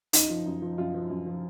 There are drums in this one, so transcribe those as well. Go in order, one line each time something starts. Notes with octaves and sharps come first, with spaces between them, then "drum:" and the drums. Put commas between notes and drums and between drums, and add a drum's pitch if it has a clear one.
F#2 D#4, drum: hi-hat
F3
F#2
F3
F#2 F4
F3
F#2
F3